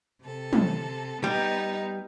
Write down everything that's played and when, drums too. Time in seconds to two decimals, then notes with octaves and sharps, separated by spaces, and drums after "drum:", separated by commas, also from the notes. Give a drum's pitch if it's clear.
0.23 C3 A4
0.53 drum: tom
1.24 G3 B3 D#4